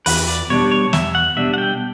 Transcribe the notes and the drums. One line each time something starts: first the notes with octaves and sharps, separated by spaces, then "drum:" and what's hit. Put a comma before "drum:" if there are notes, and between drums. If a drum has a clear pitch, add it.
E2 B4, drum: open hi-hat
D5
B2 G3 D4 C#5
C#5
E2 E5, drum: snare
F#5
B2 G3 D4 E5
F#5
G5